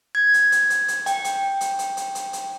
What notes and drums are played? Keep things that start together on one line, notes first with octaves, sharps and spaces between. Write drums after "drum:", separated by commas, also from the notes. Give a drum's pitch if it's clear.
G#6
drum: hi-hat
drum: hi-hat
drum: hi-hat
drum: hi-hat
G5, drum: hi-hat
drum: hi-hat
drum: hi-hat
drum: hi-hat
drum: hi-hat
drum: hi-hat
drum: hi-hat